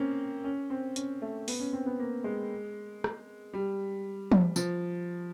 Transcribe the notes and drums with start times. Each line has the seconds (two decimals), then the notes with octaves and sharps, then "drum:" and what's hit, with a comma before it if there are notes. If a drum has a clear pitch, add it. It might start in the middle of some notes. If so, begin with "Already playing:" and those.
Already playing: A#3 C4 C#4
0.44 C#4
0.70 C4
0.96 C#4, drum: hi-hat
1.22 A3
1.48 B3, drum: open hi-hat
1.60 C#4
1.73 C4
1.86 B3
1.99 A#3
2.24 G#3
3.04 drum: rim click
3.53 G3
4.32 drum: tom
4.56 F3, drum: tambourine